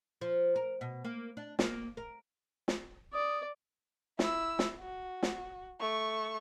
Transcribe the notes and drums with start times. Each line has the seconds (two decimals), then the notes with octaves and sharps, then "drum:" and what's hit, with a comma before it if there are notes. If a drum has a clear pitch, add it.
0.21 F3
0.56 A#4
0.81 B2
1.04 A#3
1.37 D4
1.59 A#3, drum: snare
1.97 A#4
2.68 drum: snare
3.14 D5 D#6
4.19 E4 E6, drum: snare
4.59 drum: snare
4.80 F#4
5.23 drum: snare
5.80 A3 C#6